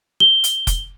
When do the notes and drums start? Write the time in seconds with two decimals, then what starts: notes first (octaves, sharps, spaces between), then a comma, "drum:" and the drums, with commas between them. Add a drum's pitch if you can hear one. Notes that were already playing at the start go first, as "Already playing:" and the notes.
0.20 G7
0.44 drum: hi-hat
0.67 drum: kick F1, hi-hat